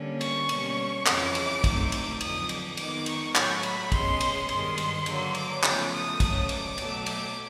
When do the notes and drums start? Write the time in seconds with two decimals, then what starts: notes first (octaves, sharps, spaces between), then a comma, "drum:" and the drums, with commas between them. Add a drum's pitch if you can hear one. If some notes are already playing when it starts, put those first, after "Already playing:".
Already playing: D3 G3 A#3 C#4
0.21 C#6, drum: cymbal
0.49 B2 G3 A#3 C#4, drum: cymbal
1.06 F2 C#3 E3 D6, drum: clap
1.35 drum: cymbal
1.64 A2 F#3 A3 C4 D#4, drum: kick, cymbal
1.92 D6, drum: cymbal
2.21 F2 D3 F#3 D#6, drum: cymbal
2.49 D6, drum: cymbal
2.77 D#3 G#3 B3 D#4 D6, drum: cymbal
3.06 C#6, drum: cymbal
3.35 A2 F#3 A3, drum: clap
3.63 B5, drum: cymbal
3.92 E2 B2 G#3 C#4 C6, drum: kick, cymbal
4.21 drum: cymbal
4.49 G2 D#3 G#3 C6, drum: cymbal
4.78 drum: cymbal
5.06 D3 F#3 A#3, drum: cymbal
5.35 D6, drum: cymbal
5.63 E2 C#3 F3 A3 D6, drum: clap
5.92 D#6
6.20 C#3 F#3 A3, drum: kick, cymbal
6.49 D6, drum: cymbal
6.78 B2 F#3 A3, drum: cymbal
7.06 D6, drum: cymbal